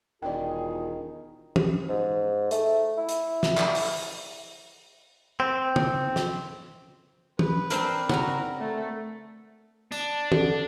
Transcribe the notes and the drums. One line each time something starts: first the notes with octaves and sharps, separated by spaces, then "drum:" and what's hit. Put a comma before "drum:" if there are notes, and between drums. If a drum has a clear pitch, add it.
E1 D#3 F4 G#4 D5 G5
drum: tom
G#2
A3, drum: hi-hat
E4
drum: hi-hat
drum: snare
drum: clap
drum: open hi-hat
C4
drum: tom
drum: snare
B4, drum: tom
C4 D4 A#4, drum: hi-hat
F#4 A#4 A#5, drum: tom
A3
D4, drum: tambourine
D3, drum: tom